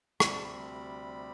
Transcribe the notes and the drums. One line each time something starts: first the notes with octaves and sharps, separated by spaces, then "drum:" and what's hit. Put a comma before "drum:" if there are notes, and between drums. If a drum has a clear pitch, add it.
D2 C3 G3 C4 B5, drum: rim click
A5
B5